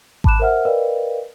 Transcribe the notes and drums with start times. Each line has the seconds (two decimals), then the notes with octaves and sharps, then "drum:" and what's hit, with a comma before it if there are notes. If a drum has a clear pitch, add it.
0.24 A5 B5 D6 F#6 E7, drum: kick G#1
0.40 A#4 C5 E5 F#5 F6
0.65 A#4 B4 D5 D#5 F5 G5